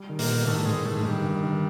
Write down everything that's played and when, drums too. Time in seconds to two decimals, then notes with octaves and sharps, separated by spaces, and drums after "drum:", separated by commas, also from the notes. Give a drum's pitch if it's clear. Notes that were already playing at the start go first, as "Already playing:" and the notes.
Already playing: G3
0.09 D#3
0.19 A#2, drum: open hi-hat
0.28 B3
0.47 A2 D#3
0.66 G#2 D#3
0.85 A2 D#3
0.97 G#2
1.04 G2 D#3
1.24 D#3
1.43 D#3